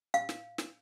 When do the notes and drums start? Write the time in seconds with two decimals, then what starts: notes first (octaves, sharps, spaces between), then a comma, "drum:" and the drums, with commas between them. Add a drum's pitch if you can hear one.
0.14 F5, drum: hi-hat
0.29 drum: snare
0.58 drum: snare